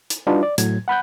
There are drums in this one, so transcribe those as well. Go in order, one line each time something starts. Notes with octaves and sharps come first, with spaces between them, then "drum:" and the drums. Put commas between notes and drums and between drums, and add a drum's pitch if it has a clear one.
drum: hi-hat
G3 D4 D#4 F4 F#4 B4
D5
A2 F#3 G#6, drum: hi-hat
F#5 B5 F#6 G6